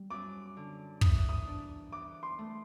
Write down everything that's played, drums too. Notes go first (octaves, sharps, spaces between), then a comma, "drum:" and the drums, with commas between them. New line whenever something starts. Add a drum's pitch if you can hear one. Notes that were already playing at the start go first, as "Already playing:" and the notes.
Already playing: G3
F#2 D6
D3
E3 D#6, drum: kick
D#6
D4
E3 D6
C6
A3